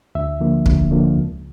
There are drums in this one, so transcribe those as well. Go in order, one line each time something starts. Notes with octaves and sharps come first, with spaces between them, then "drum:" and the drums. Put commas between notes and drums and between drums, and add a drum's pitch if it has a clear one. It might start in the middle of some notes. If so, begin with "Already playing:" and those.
D2 E5
D3 F3 A#3
D2, drum: kick
D3 F3 A#3
C#2